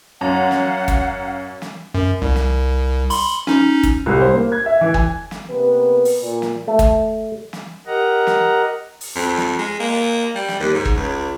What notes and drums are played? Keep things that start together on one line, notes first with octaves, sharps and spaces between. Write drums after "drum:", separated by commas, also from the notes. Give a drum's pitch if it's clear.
F#2 F5 F#5 A#5
drum: snare
drum: kick, hi-hat
drum: snare
F#2
C2
drum: snare
B5 C6, drum: open hi-hat
C#4 D#4, drum: snare
drum: kick, hi-hat
C2
C5
A#3
G#6
E5
E3
G#5, drum: kick
drum: snare
C3 A#3 B3 B4
drum: open hi-hat
A#2
drum: snare
A3
drum: kick, hi-hat
drum: snare
G4 A#4 D#5 F#5 A#5
drum: snare
drum: open hi-hat
F2
drum: snare
G#3
A#3
G3
drum: snare
D#2
G#2
drum: kick
C#2